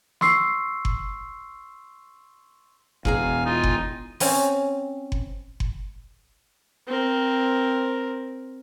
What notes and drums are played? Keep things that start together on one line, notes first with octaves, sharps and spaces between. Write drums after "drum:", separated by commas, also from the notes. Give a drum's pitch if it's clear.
C6 C#6 E6 C7, drum: snare
drum: kick F#1
E1 E2 B2 G#4 F5 G#5 A#5, drum: kick F#1
D#4 F4 G#5
drum: kick F#1
C4 C#4 G#5, drum: open hi-hat
drum: kick F#1
drum: kick F#1
C4 A#4